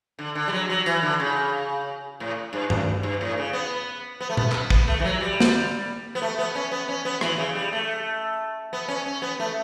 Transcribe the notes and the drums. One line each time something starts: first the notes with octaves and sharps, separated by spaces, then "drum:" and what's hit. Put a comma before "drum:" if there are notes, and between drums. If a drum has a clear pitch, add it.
D3
D3
G3
F#3
F#3
E3, drum: tambourine
D3
C#3
A2
G2
F#2, drum: tom G2
G2
A2
C#3
B3
B3
A3
B3, drum: tom A#2
drum: clap
B3, drum: kick
A3
E3
F#3
G3
drum: snare
B3
A3
B3
C#4
B3
C#4
B3
E3, drum: rim click
C#3
G3
A3
B3
C#4
C#4
B3
A3